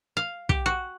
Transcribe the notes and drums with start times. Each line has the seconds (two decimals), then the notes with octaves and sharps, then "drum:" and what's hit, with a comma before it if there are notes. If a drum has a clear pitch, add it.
0.17 F5
0.49 G4, drum: kick
0.66 F#4